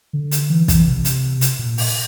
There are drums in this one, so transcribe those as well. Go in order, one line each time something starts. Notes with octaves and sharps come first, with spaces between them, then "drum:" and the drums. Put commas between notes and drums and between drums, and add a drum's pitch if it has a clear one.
D3
drum: hi-hat
E3
E3, drum: kick, hi-hat
C3
drum: hi-hat
drum: hi-hat
A#2
drum: open hi-hat